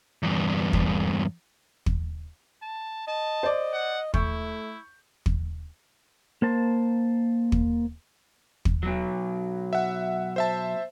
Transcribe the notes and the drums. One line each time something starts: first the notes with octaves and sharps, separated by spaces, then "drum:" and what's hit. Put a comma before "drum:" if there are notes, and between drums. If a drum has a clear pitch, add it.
E2 G2
drum: kick
drum: kick
A5
D#5 A5
C5 D5
F#5
A3 E4 C#6 G6, drum: kick
drum: kick
A#3 C5 A5
drum: kick
drum: kick
B2 F#3
E5 F#5
C5 E5 A5